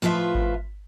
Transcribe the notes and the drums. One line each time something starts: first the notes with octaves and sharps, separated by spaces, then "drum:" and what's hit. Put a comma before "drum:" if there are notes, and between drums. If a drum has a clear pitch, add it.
A2 F3 F4 B4 E5
drum: kick G#1